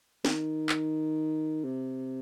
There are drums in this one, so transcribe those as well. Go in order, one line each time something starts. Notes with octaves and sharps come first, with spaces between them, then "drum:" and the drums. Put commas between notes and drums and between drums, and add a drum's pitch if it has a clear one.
D#3, drum: snare
drum: clap
C3